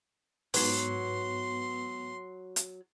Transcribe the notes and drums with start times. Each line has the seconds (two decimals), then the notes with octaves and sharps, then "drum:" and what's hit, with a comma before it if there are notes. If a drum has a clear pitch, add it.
0.54 G#2 F#3 B3 C6, drum: open hi-hat
2.56 drum: hi-hat